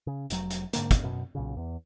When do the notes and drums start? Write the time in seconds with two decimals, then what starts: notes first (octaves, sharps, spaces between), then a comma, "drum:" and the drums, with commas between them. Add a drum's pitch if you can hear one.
0.07 C#3
0.30 F1 F#3, drum: hi-hat
0.50 drum: hi-hat
0.73 G#2 D3 A#3, drum: hi-hat
0.91 drum: kick, hi-hat
1.03 F#2 B2
1.35 B1 A#2 C#3
1.57 E2